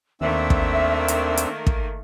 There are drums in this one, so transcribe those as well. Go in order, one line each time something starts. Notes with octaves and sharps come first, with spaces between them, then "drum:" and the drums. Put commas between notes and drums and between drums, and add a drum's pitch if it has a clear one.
D#2 D#3 A3 A#3 C4 D4 E5 E6
drum: kick
drum: hi-hat
drum: hi-hat
drum: kick